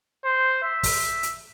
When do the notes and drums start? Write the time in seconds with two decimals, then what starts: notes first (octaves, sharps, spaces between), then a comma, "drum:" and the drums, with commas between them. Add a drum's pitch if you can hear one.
0.25 C5
0.63 E5
0.83 drum: kick, open hi-hat
1.23 drum: hi-hat